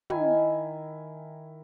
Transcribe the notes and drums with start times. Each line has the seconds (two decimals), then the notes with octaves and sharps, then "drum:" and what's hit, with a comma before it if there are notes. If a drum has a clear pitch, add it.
0.10 D#3 E4 G#5, drum: tom